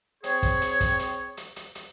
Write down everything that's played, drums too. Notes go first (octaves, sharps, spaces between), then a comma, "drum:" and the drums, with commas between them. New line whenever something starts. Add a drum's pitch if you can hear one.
C4 G#4 C#5, drum: hi-hat
drum: kick, hi-hat
drum: hi-hat
drum: kick, hi-hat
drum: hi-hat
drum: hi-hat
drum: hi-hat
drum: hi-hat